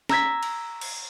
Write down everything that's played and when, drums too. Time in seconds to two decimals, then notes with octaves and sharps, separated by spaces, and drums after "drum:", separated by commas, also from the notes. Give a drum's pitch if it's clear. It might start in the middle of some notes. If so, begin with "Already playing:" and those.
0.09 A#5 E6 G#6 B6, drum: snare C#4
0.43 drum: cymbal
0.81 drum: cymbal